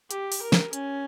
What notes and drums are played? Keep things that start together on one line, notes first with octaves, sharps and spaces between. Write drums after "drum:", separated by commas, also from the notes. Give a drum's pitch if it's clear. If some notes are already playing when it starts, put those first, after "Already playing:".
G4, drum: hi-hat
drum: open hi-hat
A#4
drum: snare
C#4, drum: hi-hat